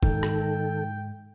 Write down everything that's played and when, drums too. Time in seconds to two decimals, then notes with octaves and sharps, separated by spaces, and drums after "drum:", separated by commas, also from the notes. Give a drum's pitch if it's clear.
0.03 G#2 D#3 A4 G5, drum: kick
0.23 drum: rim click